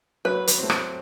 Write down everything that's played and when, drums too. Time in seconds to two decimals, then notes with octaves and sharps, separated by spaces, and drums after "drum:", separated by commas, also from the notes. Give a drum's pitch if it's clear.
0.25 F#3 B4
0.47 drum: hi-hat
0.58 A3 C4
0.70 drum: rim click